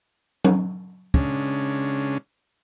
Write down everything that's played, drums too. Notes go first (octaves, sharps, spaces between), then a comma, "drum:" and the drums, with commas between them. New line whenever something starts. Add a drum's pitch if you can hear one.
drum: tom F#3
C#3 G#3 C#4 D4, drum: kick